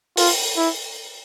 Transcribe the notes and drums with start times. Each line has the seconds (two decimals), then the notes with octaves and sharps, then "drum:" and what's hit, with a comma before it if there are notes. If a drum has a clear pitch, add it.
0.17 F4, drum: open hi-hat
0.57 E4